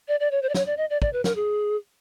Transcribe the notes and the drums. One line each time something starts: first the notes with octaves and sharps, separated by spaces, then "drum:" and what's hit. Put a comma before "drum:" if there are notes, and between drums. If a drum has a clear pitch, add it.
D5
D5
C#5
C5
D5
C#5, drum: snare
D5
D#5
D5
D5, drum: kick
B4
A#4, drum: snare
G#4